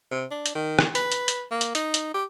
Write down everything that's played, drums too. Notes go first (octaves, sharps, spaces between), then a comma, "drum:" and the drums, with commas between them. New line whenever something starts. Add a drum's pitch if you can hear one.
C3
D4
drum: hi-hat
D#3
drum: rim click
B4, drum: hi-hat
drum: hi-hat
drum: hi-hat
A#3
drum: hi-hat
D#4, drum: hi-hat
drum: hi-hat
G4